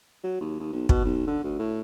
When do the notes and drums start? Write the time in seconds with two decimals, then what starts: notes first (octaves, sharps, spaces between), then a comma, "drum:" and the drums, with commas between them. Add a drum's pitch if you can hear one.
0.24 F#3
0.41 D#2
0.60 D#2
0.73 B1
0.89 B2, drum: kick
1.05 B1
1.27 D3
1.44 D2
1.59 A2